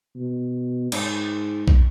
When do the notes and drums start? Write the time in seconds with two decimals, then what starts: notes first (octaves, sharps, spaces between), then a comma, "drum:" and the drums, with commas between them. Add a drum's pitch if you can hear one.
0.16 B2
0.92 G#2, drum: cymbal
1.68 drum: kick